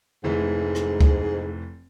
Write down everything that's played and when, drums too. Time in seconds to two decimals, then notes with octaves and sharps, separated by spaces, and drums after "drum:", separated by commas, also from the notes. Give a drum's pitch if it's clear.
0.24 F1 G#2 E3 A3
0.75 drum: rim click
1.01 drum: kick